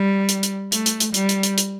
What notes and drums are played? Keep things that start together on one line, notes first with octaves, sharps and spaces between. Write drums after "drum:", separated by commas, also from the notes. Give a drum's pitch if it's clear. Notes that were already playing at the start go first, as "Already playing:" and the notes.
Already playing: G3
drum: hi-hat
drum: hi-hat
A3, drum: hi-hat
drum: hi-hat
drum: hi-hat
G3, drum: hi-hat
drum: hi-hat
drum: hi-hat
drum: hi-hat